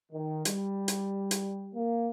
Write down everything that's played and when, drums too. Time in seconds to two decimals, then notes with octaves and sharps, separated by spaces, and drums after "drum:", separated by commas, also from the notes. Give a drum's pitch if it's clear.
0.12 D#3
0.45 G3, drum: hi-hat
0.88 drum: hi-hat
1.31 drum: hi-hat
1.74 A#3